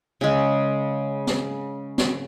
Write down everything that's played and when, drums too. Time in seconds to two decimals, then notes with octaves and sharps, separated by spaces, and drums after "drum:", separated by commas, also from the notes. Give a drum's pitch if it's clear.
0.21 C#3 G#3
1.27 drum: snare C4
1.98 drum: snare C4